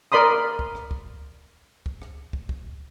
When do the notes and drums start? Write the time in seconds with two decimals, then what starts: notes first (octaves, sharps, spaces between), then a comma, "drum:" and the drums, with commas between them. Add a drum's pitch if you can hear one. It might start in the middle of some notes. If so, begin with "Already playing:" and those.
0.12 A#4 D5 B5 C6 D#6
0.59 drum: kick
0.75 drum: rim click
0.91 drum: kick
1.86 drum: kick
2.02 drum: rim click
2.33 drum: kick
2.49 drum: kick